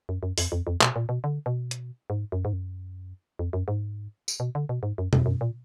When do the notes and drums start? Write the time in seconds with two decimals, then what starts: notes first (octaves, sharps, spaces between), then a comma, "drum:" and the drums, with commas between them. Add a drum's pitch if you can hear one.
0.09 F#2
0.23 F#2
0.38 F2, drum: open hi-hat
0.52 F2
0.67 F2
0.81 B2, drum: clap
0.96 A#2
1.09 B2
1.24 D3
1.46 B2
1.71 drum: hi-hat
2.10 G#2
2.32 F#2
2.45 G#2
2.53 F#2
3.39 F2
3.53 F#2
3.68 G#2
4.28 drum: tambourine
4.40 B2
4.55 D3
4.69 B2
4.83 G#2
4.98 F#2
5.13 F2, drum: tom B2
5.26 F#2
5.41 A#2